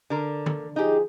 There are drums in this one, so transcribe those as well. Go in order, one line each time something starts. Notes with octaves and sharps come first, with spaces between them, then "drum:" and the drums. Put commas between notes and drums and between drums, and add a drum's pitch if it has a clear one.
D3 A#4
drum: tom D3
F3 D#4 G4 G#4